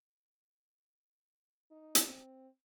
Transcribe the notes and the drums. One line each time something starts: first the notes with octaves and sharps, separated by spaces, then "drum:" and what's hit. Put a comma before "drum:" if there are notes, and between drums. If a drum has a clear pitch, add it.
D#4
drum: hi-hat
C4